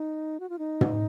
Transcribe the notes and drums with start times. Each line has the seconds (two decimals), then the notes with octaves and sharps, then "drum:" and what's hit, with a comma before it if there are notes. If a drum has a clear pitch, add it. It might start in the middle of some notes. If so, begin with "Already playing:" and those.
Already playing: D#4
0.40 F#4
0.50 F4
0.59 D#4
0.81 drum: tom